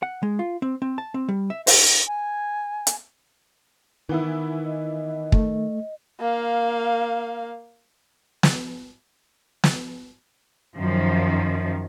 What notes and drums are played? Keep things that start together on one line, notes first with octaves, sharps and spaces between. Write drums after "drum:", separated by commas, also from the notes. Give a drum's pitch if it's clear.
F#5
G#3
F4
C4
C4
A5
C4
G3
E5
C5, drum: open hi-hat
G#5
drum: hi-hat
D#3 E3 B3 E4
D#5
A3, drum: kick
A#3 F5
drum: snare
drum: snare
F#2 D#3 F3